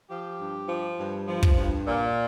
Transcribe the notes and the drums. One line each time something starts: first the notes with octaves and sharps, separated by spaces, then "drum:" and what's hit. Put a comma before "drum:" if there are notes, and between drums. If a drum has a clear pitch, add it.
F3 G4
G2
F3
G2
F3
drum: kick
G2
A#2